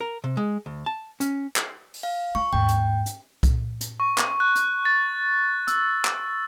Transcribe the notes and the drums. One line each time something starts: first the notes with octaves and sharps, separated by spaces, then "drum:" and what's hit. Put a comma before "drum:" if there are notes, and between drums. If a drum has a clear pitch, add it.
A#4
C3
G#3
D2
A5
C#4, drum: hi-hat
drum: clap
drum: open hi-hat
F5
F4 C#6
D#2 G#2 G5
drum: hi-hat
drum: hi-hat
drum: kick C2, hi-hat
drum: hi-hat
C#6
drum: clap
F#6
drum: hi-hat
A6
E6, drum: hi-hat
drum: clap